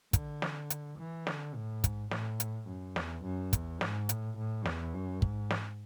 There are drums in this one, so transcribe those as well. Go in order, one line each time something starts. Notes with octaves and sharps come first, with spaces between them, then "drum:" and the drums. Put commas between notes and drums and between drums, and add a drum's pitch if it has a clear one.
D3, drum: kick, hi-hat
drum: snare
drum: hi-hat
E3
D3, drum: snare
A2
G#2, drum: kick, hi-hat
A2, drum: snare
drum: hi-hat
F#2
E2, drum: snare
F#2
E2, drum: kick, hi-hat
G#2, drum: snare
A2, drum: hi-hat
A2
E2, drum: snare
F#2
G#2, drum: kick
drum: snare